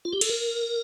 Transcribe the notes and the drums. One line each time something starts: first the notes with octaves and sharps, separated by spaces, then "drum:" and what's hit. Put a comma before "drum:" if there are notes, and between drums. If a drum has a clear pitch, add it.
F4
G4
A4, drum: cymbal
A#4